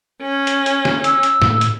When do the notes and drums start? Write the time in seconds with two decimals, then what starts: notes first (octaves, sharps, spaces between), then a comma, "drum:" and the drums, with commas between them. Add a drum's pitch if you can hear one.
0.22 C#4
0.47 drum: hi-hat
0.66 drum: hi-hat
0.85 drum: snare
1.04 E6, drum: hi-hat
1.23 drum: hi-hat
1.42 A2, drum: snare
1.61 drum: hi-hat